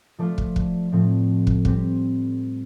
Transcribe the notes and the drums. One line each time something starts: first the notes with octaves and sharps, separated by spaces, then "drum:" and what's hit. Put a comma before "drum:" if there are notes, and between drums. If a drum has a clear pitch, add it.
F3 A3 F4 A4 D5
drum: kick
drum: kick
A2 F3 A3 C4
drum: kick
G3 C4 G4, drum: kick